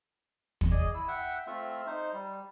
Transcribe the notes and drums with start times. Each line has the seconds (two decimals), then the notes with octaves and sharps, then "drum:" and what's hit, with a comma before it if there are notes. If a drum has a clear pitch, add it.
0.61 drum: kick
0.71 G#4 D5 D#5 G#5
0.94 E4 E6
1.08 E5 F#5 G5
1.47 A3 C4 F4 E5
1.87 D#4 C5
2.13 G3